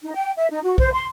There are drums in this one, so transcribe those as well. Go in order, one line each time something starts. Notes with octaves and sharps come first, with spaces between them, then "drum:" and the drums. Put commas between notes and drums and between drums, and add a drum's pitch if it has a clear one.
D#4
G5
E5
D#4
F#4
C5, drum: kick B1
C6